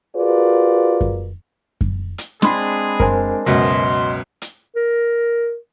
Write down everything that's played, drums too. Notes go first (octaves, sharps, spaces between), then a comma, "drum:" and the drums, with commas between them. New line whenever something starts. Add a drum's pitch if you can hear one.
F4 F#4 G#4 A#4 B4 D5
drum: kick F#2
drum: kick F#2
drum: hi-hat
G#3 C4 D4 G#4 B5 C6, drum: snare
A#4 C5 G#5, drum: kick F#2
C#2 F#2 B2 D#5 C6
drum: hi-hat
A#4